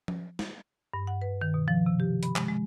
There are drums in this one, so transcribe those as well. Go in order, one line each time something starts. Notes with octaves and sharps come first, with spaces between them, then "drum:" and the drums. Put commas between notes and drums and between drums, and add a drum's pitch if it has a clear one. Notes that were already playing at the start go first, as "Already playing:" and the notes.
drum: tom F3
drum: snare
G2
F#5
B4
D#3
B2
F3
C3
G4
B5, drum: hi-hat
G#3, drum: clap
G#3